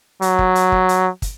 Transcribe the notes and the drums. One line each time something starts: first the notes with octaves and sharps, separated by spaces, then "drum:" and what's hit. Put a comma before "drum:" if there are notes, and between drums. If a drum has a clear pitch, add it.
F#3, drum: hi-hat
drum: kick
drum: hi-hat
drum: kick
drum: hi-hat
drum: kick, hi-hat